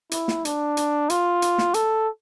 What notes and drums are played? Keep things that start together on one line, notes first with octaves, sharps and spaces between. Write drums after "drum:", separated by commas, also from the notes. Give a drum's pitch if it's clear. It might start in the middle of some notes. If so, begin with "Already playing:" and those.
E4, drum: hi-hat
drum: snare
D4, drum: hi-hat
drum: hi-hat
F4, drum: hi-hat
drum: hi-hat
drum: snare
A4, drum: hi-hat